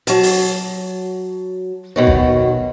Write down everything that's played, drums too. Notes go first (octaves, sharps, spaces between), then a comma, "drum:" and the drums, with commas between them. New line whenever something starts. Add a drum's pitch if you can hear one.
F#3 A5, drum: hi-hat
drum: open hi-hat
B2 D#3 F#3
drum: kick